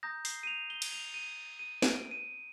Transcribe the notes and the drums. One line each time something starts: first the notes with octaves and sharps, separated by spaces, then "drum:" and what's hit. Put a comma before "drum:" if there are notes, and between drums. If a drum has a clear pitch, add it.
A#5 D#6 G6 A#6
C7, drum: open hi-hat
D#7
F7
G7
drum: cymbal
F7
D#7
D#7
D7, drum: snare
D#7